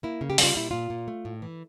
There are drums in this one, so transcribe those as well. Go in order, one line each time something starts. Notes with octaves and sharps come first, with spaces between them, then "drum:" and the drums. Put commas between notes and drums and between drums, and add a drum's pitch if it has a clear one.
A#3 E4
C#3
G4
G3, drum: open hi-hat
F4
A#2 E4
A#2 F4
A#2
A3
A2
E3